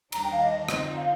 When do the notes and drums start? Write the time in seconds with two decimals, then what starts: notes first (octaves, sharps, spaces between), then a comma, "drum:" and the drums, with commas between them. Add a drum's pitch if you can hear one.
0.12 D#2 D#3 G3 D4 A#5, drum: cymbal
0.23 G5
0.31 F5
0.41 D#5
0.69 F2 D3 F3 C4 D#4 D#5, drum: rim click
0.97 F5